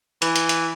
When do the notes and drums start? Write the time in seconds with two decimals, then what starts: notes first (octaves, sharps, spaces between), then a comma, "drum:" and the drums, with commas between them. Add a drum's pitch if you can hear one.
0.22 E3, drum: hi-hat
0.36 drum: hi-hat
0.49 drum: hi-hat